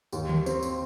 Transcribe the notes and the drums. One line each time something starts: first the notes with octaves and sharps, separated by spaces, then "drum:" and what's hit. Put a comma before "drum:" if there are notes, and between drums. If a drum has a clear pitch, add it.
D#2, drum: tambourine
drum: tom D3
C4, drum: tambourine
drum: tambourine